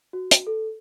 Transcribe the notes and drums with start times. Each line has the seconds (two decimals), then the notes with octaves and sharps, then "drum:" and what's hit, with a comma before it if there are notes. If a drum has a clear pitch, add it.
0.13 F#4
0.31 drum: hi-hat
0.47 A4